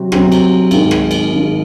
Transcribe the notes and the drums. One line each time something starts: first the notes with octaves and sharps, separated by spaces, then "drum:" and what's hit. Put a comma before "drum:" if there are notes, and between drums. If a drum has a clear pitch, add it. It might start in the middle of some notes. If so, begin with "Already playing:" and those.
Already playing: C3 F#3 C4 F#4
C3 F#3 C4 F#4, drum: rim click
drum: cymbal
G#1 G#2 D#3 G#3, drum: cymbal
drum: rim click
drum: cymbal
G#1 G#2 D#3 G#3